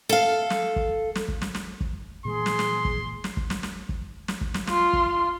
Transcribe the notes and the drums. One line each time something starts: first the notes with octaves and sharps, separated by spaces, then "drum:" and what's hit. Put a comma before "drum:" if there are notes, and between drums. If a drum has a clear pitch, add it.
A4 F5
drum: snare
drum: kick G1
drum: snare
drum: kick G1
drum: snare
drum: snare
drum: kick G1
A#2 E3 G#3 G#4 C6
drum: snare
drum: snare
drum: kick G1
drum: snare
drum: kick G1
drum: snare
drum: snare
drum: kick G1
drum: snare
drum: kick G1
drum: snare
F4 C6, drum: snare
drum: kick G1